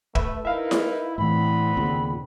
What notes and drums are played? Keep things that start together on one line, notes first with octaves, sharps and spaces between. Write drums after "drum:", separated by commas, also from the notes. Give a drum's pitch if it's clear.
A3 B4 E5, drum: kick
D#4 E4 A#4 B4 E5 F5
drum: snare E4
A2 D3 E3 B3 C4 B5
D#2 A#2 C#3